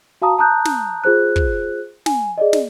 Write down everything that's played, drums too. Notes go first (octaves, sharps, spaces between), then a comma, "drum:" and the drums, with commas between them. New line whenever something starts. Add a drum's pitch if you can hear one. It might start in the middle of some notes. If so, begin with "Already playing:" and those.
F#4 F5 A5 A#5 D#6
A5 A#5 D#6 F#6 G6
drum: snare
F4 G#4 C5 F#6
drum: kick
G#5, drum: snare
G#4 D5 D#5
drum: snare